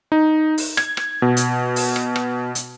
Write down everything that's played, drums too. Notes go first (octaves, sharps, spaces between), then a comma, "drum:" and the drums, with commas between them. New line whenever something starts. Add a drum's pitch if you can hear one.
D#4
drum: open hi-hat
G#6, drum: rim click
drum: rim click
B2
drum: hi-hat
drum: open hi-hat
drum: rim click
drum: rim click
drum: hi-hat